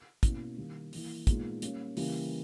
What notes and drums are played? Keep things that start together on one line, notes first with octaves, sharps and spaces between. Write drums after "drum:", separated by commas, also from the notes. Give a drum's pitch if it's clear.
B2 A#3 C#4 E4, drum: kick, hi-hat
D#3 G3 A#3
E3 A#3 E4, drum: open hi-hat
A#2 G#3 B3 D#4, drum: kick, hi-hat
G3 A#3 C#4, drum: hi-hat
C#3 E3 G3 A#3, drum: open hi-hat